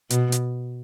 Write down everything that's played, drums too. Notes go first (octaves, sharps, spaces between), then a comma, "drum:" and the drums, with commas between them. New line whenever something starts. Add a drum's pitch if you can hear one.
B2, drum: hi-hat
drum: hi-hat